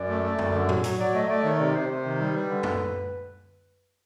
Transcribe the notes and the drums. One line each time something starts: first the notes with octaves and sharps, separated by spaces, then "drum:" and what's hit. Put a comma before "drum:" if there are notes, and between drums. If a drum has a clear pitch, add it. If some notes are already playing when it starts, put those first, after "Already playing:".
Already playing: F#2 D5
A3
A3
F#2, drum: tom F#2
D3
F#3, drum: tom G#2
F#3, drum: hi-hat
F#3 D5
A3 D#5
A3 D5
D#3 C#5
C3 D5
C3 C5
C3
D#3
G3
G3 B4
D3
drum: tom F#2